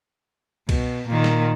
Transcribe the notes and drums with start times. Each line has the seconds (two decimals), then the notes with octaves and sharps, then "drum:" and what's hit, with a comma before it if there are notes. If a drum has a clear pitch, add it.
0.69 B2, drum: kick C2, cymbal
1.08 A#2 D#3
1.24 drum: snare